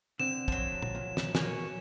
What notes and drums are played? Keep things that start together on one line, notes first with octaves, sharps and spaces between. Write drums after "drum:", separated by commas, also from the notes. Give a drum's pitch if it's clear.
D3 C4 E7
F3 F#3, drum: kick
drum: tom
A#2
drum: snare
F#3 A#3 C#4, drum: snare